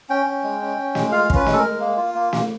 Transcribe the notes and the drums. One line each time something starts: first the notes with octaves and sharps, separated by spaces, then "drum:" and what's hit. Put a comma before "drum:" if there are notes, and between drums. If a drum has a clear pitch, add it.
C#4 G5
C#4
G#3
C#4
C#4
G#3, drum: snare
F4 F5
C#4, drum: kick
B4
G#3, drum: snare
A4
A#4
G#3
A#3
F4
A#3
A#3, drum: snare